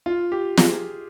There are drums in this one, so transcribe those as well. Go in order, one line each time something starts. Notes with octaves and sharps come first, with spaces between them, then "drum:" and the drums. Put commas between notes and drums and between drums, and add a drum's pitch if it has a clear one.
F4
G4
G#4, drum: snare